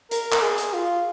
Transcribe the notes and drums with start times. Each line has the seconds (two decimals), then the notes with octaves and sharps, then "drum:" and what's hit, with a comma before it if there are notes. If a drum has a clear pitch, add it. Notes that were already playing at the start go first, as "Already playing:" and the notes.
0.11 A#4, drum: hi-hat
0.32 A#4, drum: clap
0.42 G#4
0.58 drum: hi-hat
0.73 F4